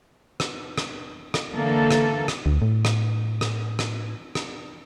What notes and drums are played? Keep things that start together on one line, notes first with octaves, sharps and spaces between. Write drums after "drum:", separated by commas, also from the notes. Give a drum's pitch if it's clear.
drum: rim click
drum: rim click
drum: rim click
D3 E3 A#3 A4
drum: rim click
drum: rim click
D2
A2
drum: rim click
drum: rim click
drum: rim click
drum: rim click